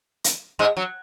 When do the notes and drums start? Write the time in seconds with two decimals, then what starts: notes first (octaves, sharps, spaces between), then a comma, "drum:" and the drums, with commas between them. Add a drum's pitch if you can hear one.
0.24 drum: hi-hat
0.59 G#2 G#3
0.77 F#3